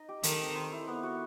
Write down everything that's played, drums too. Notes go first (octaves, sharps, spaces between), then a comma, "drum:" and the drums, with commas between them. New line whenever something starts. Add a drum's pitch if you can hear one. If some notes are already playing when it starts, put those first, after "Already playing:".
Already playing: D#4 D#5
G4
D#3 A4, drum: hi-hat
C4
C5
E4
B3
F#4